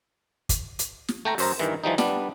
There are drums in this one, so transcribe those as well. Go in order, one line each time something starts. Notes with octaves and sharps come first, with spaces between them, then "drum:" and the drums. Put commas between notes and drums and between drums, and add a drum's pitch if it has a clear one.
drum: kick, hi-hat
drum: hi-hat
drum: snare
A3 G5 A#5
F#2 C5 A#5, drum: open hi-hat
G2 D#3 E3
E3 F3 G3 D#4
G3 B3 D4, drum: snare